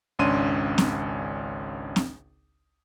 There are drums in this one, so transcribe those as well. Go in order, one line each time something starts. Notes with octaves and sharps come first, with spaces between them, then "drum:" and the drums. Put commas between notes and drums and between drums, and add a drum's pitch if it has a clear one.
G#1 C#2 C#4 D4 C6 D#7
drum: snare C4
drum: snare C4